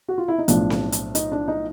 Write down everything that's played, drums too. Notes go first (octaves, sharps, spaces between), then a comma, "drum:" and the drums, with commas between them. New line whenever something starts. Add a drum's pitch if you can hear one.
F#4
F4
E4
D#4
B1 A2 F3 D4, drum: hi-hat
drum: snare C4
drum: hi-hat
D#4, drum: hi-hat
D4
D#4